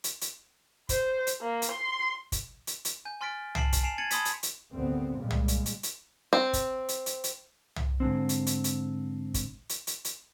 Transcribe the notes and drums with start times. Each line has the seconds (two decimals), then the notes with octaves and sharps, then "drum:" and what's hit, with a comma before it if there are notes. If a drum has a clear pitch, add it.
0.04 drum: hi-hat
0.21 drum: hi-hat
0.89 C5, drum: kick, hi-hat
1.27 drum: hi-hat
1.41 A#3
1.62 drum: hi-hat
1.71 C6
2.32 drum: kick, hi-hat
2.67 drum: hi-hat
2.85 drum: hi-hat
3.05 G#5 G6
3.21 G#5 C6 F6 A6 B6 D7
3.55 A5 C7 D7 E7 F#7, drum: tom
3.72 drum: kick, hi-hat
3.83 G#5 A5 C7 D7 E7 F7
3.98 G#6 A6 C#7 D#7 F#7
4.11 A5 B5 C6 D#6 G#6 B6, drum: hi-hat
4.25 drum: hi-hat
4.43 drum: hi-hat
4.72 G#1 D2 C3 B3 C4
5.18 A#2 C#3 G3 G#3
5.31 drum: tom
5.48 drum: hi-hat
5.66 drum: hi-hat
5.83 drum: hi-hat
6.33 C4
6.53 drum: kick, hi-hat
6.89 drum: hi-hat
7.06 drum: hi-hat
7.24 drum: hi-hat
7.76 drum: tom
8.00 G#2 D3 C4
8.29 drum: hi-hat
8.47 drum: hi-hat
8.64 drum: hi-hat
9.34 drum: kick, hi-hat
9.69 drum: hi-hat
9.87 drum: hi-hat
10.05 drum: hi-hat